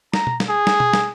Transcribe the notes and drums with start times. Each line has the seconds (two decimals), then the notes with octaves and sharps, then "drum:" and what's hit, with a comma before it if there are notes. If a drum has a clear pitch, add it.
0.14 A#5, drum: snare
0.27 drum: tom B2
0.40 drum: snare
0.49 G#4
0.67 drum: snare
0.80 drum: tom B2
0.93 drum: snare